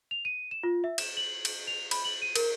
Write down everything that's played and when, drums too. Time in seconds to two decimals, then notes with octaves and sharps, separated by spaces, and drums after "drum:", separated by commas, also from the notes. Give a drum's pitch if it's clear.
0.11 F7
0.25 D#7
0.51 E7
0.63 F4
0.84 E5
0.98 E7, drum: cymbal
1.17 F#7
1.45 drum: cymbal
1.67 F7
1.91 B5, drum: cymbal
2.05 F#7
2.22 D#7
2.36 A#4, drum: cymbal